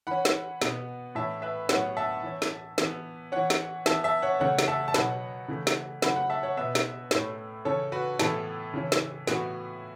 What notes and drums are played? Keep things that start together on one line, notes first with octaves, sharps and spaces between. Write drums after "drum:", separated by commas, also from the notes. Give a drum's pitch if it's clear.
E3 C#4 F#5 B5
drum: snare
B2 B3, drum: snare
A2 E3 C#4 E5 A5
B4 E5
A2 F#3 B3 C#5 F#5, drum: snare
E5 A5
E3 C#4
drum: snare
E3 B3, drum: snare
E3 C#4 C#5 F#5
drum: snare
E3 B3 E5 A5, drum: snare
E5 A5
C#5 F#5
C#3 E3 A3 C#4 C#5 F#5
drum: snare
E5 A5
A5
B2 F#3 B3 F#5 B5, drum: snare
C#3 E3 A3
drum: snare
C#3 F#3 A3 F#5 B5, drum: snare
F#5 B5
E5 A5
C#5 F#5
B2 B3 B4 E5
drum: snare
A2 A3 C#4, drum: snare
C#3 E3 C#4 A4 C#5
F#4 B4
A2 E3 B3 A4, drum: snare
C#3 E3 C#4
drum: snare
A2 E3 B3 F#4, drum: snare